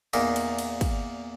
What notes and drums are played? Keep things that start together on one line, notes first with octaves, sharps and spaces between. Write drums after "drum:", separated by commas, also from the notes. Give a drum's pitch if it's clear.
E2 A#2 A#3 D#4, drum: cymbal
drum: cymbal
drum: cymbal
drum: kick, cymbal